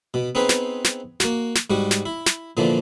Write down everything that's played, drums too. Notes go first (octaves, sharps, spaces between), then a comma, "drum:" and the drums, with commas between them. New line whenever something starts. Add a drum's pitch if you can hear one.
B2
B3 C4 D#4 G#4 B4
drum: snare
drum: snare
A#3 F#4, drum: snare
drum: snare
G#2 G3 F#4
drum: snare
E4
drum: snare
A#2 D3 E3 F3